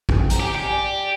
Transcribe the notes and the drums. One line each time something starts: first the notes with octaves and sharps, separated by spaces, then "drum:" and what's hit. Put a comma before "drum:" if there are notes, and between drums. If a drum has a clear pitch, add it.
G#4, drum: kick
G5
A#5, drum: hi-hat
G4 G#5
G4
D5